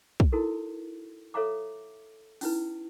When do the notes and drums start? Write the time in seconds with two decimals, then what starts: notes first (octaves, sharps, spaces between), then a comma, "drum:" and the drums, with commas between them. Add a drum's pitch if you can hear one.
0.20 drum: kick
0.32 D#4 E4 F#4 A4 A#4
1.34 A4 C#5 E5 F5 A#5 D6
2.41 C#4 D#4 E4 B4, drum: open hi-hat